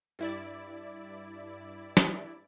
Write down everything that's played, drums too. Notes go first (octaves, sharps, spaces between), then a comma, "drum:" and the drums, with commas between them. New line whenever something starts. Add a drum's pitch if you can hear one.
G2 E4 D5
drum: snare